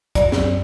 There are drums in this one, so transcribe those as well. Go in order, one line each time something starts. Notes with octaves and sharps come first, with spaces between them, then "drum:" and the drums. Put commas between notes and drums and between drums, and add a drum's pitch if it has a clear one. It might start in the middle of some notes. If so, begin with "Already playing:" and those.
F#2 F#3 D5, drum: kick, hi-hat
drum: snare